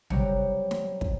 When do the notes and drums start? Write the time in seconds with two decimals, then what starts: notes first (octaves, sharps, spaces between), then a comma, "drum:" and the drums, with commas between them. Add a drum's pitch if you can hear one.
0.10 C3 F#3 G3 G5 A#5 C#7, drum: tom
0.71 drum: snare
1.01 drum: kick